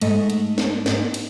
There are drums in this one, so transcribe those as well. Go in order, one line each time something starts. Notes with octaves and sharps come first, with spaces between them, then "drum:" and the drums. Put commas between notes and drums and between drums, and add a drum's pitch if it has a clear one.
G#2 A3 D#5, drum: cymbal
drum: cymbal
drum: snare
drum: snare
drum: cymbal